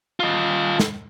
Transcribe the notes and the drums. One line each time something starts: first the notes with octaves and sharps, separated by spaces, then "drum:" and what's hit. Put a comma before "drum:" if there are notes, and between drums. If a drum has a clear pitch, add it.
F4 D#5
drum: snare